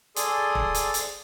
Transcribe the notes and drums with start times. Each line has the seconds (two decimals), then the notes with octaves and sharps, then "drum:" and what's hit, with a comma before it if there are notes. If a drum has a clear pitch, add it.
0.16 G#4 A4 D5 C6 D#6, drum: hi-hat
0.55 drum: kick
0.75 drum: hi-hat
0.94 drum: hi-hat